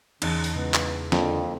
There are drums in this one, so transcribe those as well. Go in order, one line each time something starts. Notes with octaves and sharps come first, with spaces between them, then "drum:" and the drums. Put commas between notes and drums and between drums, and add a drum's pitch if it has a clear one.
E2 C#3 D#4 D#5, drum: cymbal
drum: open hi-hat
C#3 E3 G#3 B3
drum: clap
F2 D3 A#3 C4, drum: snare